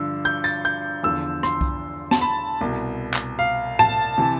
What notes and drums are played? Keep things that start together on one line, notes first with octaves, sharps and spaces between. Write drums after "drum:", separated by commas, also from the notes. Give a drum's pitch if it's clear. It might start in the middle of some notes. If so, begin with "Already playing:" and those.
Already playing: G2 D3 F3 E6
G6
A6, drum: tambourine
G6
E2 D3 F3 E6
C6, drum: rim click
drum: kick C2
A5, drum: snare B3
B5
C2 B2
drum: clap
F5
A5, drum: tom A2
C3 E3